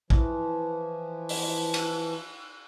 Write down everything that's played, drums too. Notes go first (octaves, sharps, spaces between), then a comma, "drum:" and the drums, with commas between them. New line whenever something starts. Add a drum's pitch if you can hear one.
E3 F3, drum: kick
drum: open hi-hat
drum: cymbal